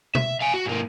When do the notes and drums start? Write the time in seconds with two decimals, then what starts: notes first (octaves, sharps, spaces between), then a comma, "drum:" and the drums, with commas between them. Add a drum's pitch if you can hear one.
0.15 E5, drum: tom
0.41 F5 G#5
0.54 F#4
0.66 G#2 A#3